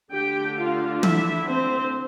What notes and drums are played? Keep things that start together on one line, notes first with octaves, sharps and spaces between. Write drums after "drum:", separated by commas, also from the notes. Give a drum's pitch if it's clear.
D3 A3 D4 G4 G5
F4 F5
E4 E5, drum: tom
C4 C5